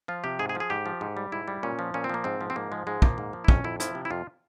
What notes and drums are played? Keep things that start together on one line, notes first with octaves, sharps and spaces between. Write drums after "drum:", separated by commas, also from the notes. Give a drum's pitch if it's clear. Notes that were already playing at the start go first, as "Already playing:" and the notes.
F3 F4
C3 G4
G#2 G#4
G#4
F3
G#4
G#2 G4
F3
G#2
G3
G#2 E4
G3
A#2 C#4
F3
A#2 C#4
C4
F3 A#3
G#2 C4
F3
C4
G#2 A#3
F3 G#3
G#2 G#3
F3 A#3, drum: kick
G#2
F3
E4
F2 C#4, drum: kick
F2 E4
F3 E4, drum: hi-hat
C3
E4
F2 F4